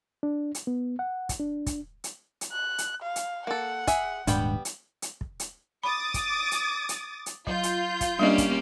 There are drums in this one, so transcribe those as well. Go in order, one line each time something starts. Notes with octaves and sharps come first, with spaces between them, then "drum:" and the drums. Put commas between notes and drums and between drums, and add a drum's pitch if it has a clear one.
D4
drum: hi-hat
B3
F#5
drum: kick, hi-hat
D4
drum: kick, hi-hat
drum: hi-hat
drum: hi-hat
F#6
drum: hi-hat
F5
drum: hi-hat
A#3 A4 F#5
G#4 E5, drum: kick, hi-hat
D#1 G#2 G3 B3 D4 G5, drum: hi-hat
drum: hi-hat
drum: hi-hat
drum: kick
drum: hi-hat
B5 D6 D#6 A6
drum: kick, hi-hat
drum: hi-hat
drum: hi-hat
drum: hi-hat
F#3 F4 G6, drum: kick
drum: hi-hat
drum: kick, hi-hat
G3 A#3 C#4 D4 G4 D#5
drum: kick, hi-hat